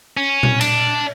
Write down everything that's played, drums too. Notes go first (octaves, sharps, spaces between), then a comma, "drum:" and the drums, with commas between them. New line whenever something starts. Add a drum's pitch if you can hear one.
C#4
drum: tom A#2
D4, drum: cymbal